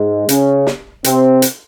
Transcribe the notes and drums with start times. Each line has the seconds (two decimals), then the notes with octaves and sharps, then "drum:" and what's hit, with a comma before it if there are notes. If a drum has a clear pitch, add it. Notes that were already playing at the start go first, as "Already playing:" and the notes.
Already playing: G#2 G#3
0.29 C#3 C#4, drum: hi-hat
0.67 drum: snare
1.04 C3 C4, drum: hi-hat
1.42 drum: hi-hat